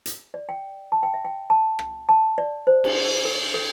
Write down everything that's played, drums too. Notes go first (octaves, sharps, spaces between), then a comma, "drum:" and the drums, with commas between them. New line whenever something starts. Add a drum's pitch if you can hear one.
drum: hi-hat
D5
G5
A5
G5
E5
G5
A5
drum: rim click
A5
D5
C5
drum: cymbal
A4
A4